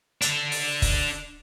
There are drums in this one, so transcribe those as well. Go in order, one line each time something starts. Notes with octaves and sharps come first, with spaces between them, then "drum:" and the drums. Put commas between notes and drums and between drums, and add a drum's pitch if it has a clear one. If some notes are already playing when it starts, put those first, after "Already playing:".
D4 A4, drum: hi-hat
drum: open hi-hat
drum: kick, open hi-hat